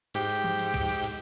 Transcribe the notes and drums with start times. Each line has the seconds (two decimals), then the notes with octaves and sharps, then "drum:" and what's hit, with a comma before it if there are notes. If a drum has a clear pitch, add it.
0.14 G#2 G4 G5, drum: cymbal
0.29 drum: cymbal
0.44 drum: tom
0.59 drum: cymbal
0.74 drum: kick, cymbal
0.89 drum: cymbal
1.04 drum: cymbal